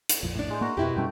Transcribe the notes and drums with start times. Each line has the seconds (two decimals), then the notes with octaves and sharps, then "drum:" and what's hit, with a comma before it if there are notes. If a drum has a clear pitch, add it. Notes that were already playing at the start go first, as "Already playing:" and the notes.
0.09 drum: hi-hat
0.23 A#1 F2
0.35 A2 D4
0.50 G#3 C5
0.61 A#3 F#4 A#4 A#5
0.77 F2 B2 E4 F#4 G4 G5
0.96 F#2 G3 A3 C#4 G5